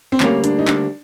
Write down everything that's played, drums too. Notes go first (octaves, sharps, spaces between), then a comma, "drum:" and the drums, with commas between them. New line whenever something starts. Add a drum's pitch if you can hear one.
C4
D2 D3 G3 A#3 C#4, drum: clap
D4, drum: hi-hat
D#4
D4, drum: clap